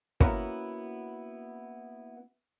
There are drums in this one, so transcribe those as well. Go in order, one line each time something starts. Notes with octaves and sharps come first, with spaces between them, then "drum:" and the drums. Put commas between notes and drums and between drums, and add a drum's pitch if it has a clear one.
A#3 B3 C#4 E4 F#4 A#4, drum: kick